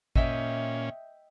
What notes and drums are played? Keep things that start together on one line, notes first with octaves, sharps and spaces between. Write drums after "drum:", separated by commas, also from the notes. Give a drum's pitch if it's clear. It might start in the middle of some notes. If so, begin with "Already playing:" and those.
A#2 C#4 D#5 E5 G5, drum: kick G#1